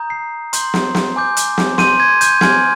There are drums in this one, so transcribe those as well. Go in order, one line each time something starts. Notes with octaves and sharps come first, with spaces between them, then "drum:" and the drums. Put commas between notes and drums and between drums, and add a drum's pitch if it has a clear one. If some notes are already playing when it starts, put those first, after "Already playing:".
Already playing: A#5 D#6 G6
C7
C6 G6, drum: hi-hat
drum: snare
drum: snare
G#5 D6 G6
drum: hi-hat
drum: snare
C6 G6 D#7, drum: snare
G#6
G6, drum: hi-hat
G#5 C6 F6 G#6, drum: snare